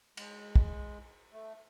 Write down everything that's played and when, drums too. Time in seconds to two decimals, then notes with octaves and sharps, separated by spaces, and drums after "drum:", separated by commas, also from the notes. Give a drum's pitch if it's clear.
0.17 G#3, drum: cymbal
0.55 drum: kick
1.33 A3